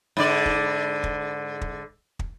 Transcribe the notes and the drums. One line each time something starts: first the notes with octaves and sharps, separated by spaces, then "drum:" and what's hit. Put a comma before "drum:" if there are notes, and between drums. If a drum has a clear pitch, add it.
G#2 D3 D5
drum: kick
drum: kick
drum: kick
drum: kick